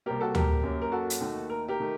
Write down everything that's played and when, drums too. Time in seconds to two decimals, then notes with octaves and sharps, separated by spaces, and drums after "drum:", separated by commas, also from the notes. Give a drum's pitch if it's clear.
0.06 C2 C3 G3 A#3 G4 A#4
0.21 F#4 A4
0.35 G4 A#4, drum: tom D2
0.63 F#2 F#3 A#3
0.82 A#4
0.92 F#4 A4
1.10 drum: hi-hat
1.20 D#2 D#3 A3
1.50 A#4
1.68 G4 A#4
1.80 D#3 A3